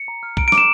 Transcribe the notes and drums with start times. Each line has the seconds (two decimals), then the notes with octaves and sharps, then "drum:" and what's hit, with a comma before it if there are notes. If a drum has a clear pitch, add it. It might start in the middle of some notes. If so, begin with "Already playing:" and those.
Already playing: C#7
0.08 A#5
0.23 F6
0.37 A#5 D7, drum: kick B1
0.48 D7
0.52 D6, drum: snare
0.58 E7